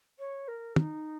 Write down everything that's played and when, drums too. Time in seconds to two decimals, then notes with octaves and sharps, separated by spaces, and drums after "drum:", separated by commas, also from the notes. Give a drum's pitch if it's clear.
0.18 C#5
0.48 A#4
0.76 D#4, drum: tom